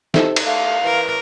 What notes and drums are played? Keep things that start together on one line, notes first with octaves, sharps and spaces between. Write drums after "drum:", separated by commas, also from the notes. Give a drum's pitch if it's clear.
C3 D#4 A4 E5, drum: snare
drum: cymbal
A3 F5
E3 A#4